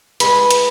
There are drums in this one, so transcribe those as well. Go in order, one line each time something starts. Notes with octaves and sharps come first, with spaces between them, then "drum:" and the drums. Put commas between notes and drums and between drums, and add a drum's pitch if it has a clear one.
A2 G#3 B4, drum: hi-hat
drum: hi-hat